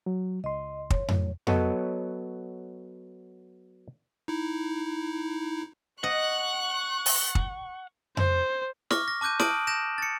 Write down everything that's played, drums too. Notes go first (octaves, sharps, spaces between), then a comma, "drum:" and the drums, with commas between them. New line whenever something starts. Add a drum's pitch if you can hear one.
F#3
C#2 D#5 C6
C#5, drum: kick
F#2 A2, drum: tom F2
F#3 B3 A4 C#5 D#5, drum: tom F2
D#4 E4
D#5 F#5 C#6 F#6
drum: open hi-hat
drum: kick
C5, drum: tom F2
C#6 D6 F6 A#6, drum: snare
A#6
A5 D6 F#6 G6 D#7
A5 D#6 F6 G6 D7 F#7, drum: snare
G6 A#6 D7 E7
A6 C#7